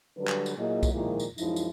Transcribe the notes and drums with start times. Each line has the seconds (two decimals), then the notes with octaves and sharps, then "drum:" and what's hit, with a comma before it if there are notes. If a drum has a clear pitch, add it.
0.17 D3 F#3 G3 D4 B4
0.28 drum: clap
0.46 drum: tambourine
0.57 A#2 F#3 A#3 E4 G#4 D#5
0.83 drum: kick B1, tambourine
0.93 A#2 D#3 F3 G#3 A#3 E4
1.20 drum: tambourine
1.38 F#2 F3 G#3 D#4 E4, drum: tambourine
1.56 drum: tambourine